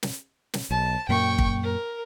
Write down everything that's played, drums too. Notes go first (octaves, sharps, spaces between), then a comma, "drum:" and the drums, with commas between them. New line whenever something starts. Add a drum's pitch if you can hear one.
drum: snare
drum: snare
B1 A5
F#2 A#2 A#3 G5 C#6
drum: kick
A#4